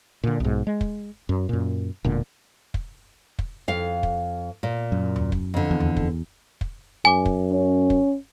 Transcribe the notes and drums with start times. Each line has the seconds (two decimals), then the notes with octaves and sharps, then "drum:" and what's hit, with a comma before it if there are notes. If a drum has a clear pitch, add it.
0.24 A#2 D3
0.40 B1 G#2
0.67 G#3
0.81 drum: kick
1.29 F#2
1.49 F#2 A#2
2.04 E1 A#2 D3
2.74 drum: kick
3.39 drum: kick
3.68 F2 F5
4.03 drum: kick
4.63 A#2
4.92 F#2
5.16 drum: tom D#2
5.32 drum: kick
5.54 F2 D3
5.71 E2
5.80 drum: tom D#2
5.96 drum: kick
6.61 drum: kick
7.05 F#2 G#5 D6
7.25 drum: kick
7.52 C#4
7.90 drum: kick